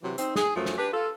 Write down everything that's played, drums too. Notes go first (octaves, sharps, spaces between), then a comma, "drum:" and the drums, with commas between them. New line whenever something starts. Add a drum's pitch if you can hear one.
C3 E3 F#3
C4 D#4, drum: hi-hat
G#4, drum: snare
F#2 F3 F#3 A3
drum: snare
D4 G4 B4
F4 A4